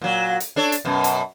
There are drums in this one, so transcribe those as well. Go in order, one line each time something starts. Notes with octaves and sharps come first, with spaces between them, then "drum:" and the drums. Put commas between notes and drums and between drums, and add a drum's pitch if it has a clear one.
A#2 F#3
drum: hi-hat
D4 A4 C#5
drum: hi-hat
F#2 B2
drum: hi-hat